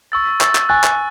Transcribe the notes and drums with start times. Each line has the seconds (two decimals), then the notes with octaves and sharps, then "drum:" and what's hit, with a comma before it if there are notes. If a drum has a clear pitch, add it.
0.12 C#6 E6 A6
0.41 C#6 E6 A6, drum: clap
0.55 drum: clap
0.69 G#5 C#6 F#6 A6
0.84 drum: clap